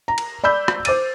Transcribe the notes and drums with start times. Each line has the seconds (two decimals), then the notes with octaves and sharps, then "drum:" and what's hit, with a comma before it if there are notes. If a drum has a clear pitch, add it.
0.08 A#5
0.18 drum: cymbal
0.44 D5 B5 E6 G6
0.68 drum: rim click
0.85 C5 D6 A6 D#7, drum: cymbal